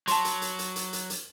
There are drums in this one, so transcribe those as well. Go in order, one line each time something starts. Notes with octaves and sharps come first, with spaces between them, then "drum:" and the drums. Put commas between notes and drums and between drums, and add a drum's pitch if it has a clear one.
F#3 A5 C6, drum: hi-hat
drum: hi-hat
drum: hi-hat
drum: hi-hat
drum: hi-hat
drum: hi-hat
drum: hi-hat